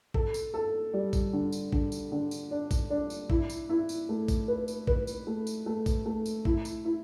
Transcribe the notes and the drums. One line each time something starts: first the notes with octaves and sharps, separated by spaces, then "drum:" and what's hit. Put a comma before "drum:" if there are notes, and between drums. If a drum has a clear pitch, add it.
A4, drum: kick A1
drum: tambourine
A4
G3
drum: kick A1, tambourine
D3
drum: tambourine
D3, drum: kick A1
drum: tambourine
D3
drum: tambourine
D4
drum: kick A1, tambourine
D4
drum: tambourine
E4, drum: kick A1
drum: tambourine
E4
drum: tambourine
A3
drum: kick A1, tambourine
B4
drum: tambourine
B4, drum: kick A1
drum: tambourine
A3
drum: tambourine
A3
drum: kick A1, tambourine
A3
drum: tambourine
E4, drum: kick A1
drum: tambourine
E4